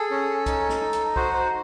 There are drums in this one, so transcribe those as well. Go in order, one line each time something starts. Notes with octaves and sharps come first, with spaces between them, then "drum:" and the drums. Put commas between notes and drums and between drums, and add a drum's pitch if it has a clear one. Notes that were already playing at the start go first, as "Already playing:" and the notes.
Already playing: G#4 A4
C#4
D#4, drum: kick, hi-hat
drum: snare
D#4
drum: hi-hat
F#4 C5, drum: kick
C5